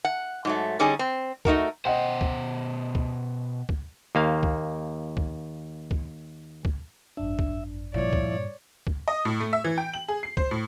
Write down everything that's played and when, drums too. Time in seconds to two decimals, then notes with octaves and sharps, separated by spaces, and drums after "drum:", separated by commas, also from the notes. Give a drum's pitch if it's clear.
0.05 F#5
0.45 G#2 F#3 A3
0.79 D3 G3 C#4 D#4 G#4
0.99 C4
1.45 A3 D#4 F#4 A#4, drum: kick
1.85 B2 C5 D#5 F#5 G5
2.21 drum: kick
2.95 drum: kick
3.69 drum: kick
4.15 D#2 A#3 F5
4.43 drum: kick
5.17 drum: kick
5.91 drum: kick
6.65 drum: kick
7.17 G#1 F#2 D4 E5
7.39 drum: kick
7.94 G2 A#2 F3 E4 C#5 D5
8.13 drum: kick
8.87 drum: kick
9.08 D#5
9.25 A2
9.40 A3
9.53 E5
9.64 E3
9.78 G5
9.94 F#7
10.08 G#4
10.23 C7
10.37 C5, drum: kick
10.51 A2